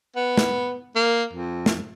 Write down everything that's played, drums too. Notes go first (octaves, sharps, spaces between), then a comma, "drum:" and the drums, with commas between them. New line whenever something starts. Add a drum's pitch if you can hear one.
B3
drum: snare
A#3
F2
drum: snare